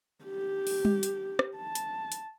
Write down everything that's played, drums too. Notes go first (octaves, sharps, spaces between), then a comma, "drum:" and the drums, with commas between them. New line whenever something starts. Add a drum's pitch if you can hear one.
G4
drum: open hi-hat
drum: tom G3
drum: hi-hat
drum: rim click
A5
drum: hi-hat
drum: hi-hat